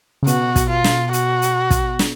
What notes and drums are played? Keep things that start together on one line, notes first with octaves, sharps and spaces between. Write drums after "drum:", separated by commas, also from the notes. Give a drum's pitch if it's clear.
C#3
B2 F#4, drum: hi-hat
drum: kick, hi-hat
F4
drum: snare
F#4, drum: hi-hat
drum: hi-hat
drum: kick, hi-hat
drum: snare